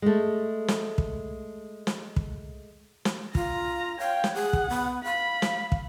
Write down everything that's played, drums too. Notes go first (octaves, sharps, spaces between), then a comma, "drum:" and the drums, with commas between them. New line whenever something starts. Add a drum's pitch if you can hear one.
G#3 A3
drum: snare
drum: kick
drum: snare
drum: kick
drum: snare
F4 A#5, drum: kick
C#5 F5 G5
drum: snare
G#4 F#5
drum: kick
B3
F5 B5
drum: snare
drum: kick